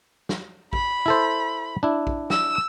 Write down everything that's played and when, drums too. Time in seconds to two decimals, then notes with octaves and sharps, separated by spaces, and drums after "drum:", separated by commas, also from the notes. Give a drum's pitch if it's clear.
0.29 drum: snare
0.73 B5, drum: kick A#1
1.06 E4 A4 C5
1.83 D4 E4
2.07 drum: kick A#1
2.30 E6, drum: snare